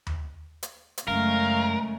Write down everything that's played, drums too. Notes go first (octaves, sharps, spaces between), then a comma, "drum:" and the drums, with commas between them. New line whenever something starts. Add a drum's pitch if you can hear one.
drum: tom D#2
drum: hi-hat
drum: hi-hat
F#2 C#3 G#3 A3 A#4 F5